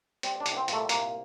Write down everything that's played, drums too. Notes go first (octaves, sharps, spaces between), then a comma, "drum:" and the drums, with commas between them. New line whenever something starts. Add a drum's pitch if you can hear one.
G3 C4, drum: hi-hat
D4
C2, drum: hi-hat
C4
A#2 A3, drum: hi-hat
C2 A#3, drum: hi-hat